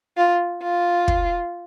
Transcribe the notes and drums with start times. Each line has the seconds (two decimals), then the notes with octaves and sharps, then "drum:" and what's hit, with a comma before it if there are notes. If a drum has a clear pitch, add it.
0.17 F4
0.63 F4
1.08 drum: kick